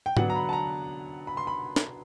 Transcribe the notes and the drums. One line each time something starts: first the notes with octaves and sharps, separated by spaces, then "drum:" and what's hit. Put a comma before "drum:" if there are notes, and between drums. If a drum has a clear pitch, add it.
G5
D3 F#3 B3 D4 F#5, drum: tom G#2
A#5
B5
A5
A#5
B5
C6
B5
drum: snare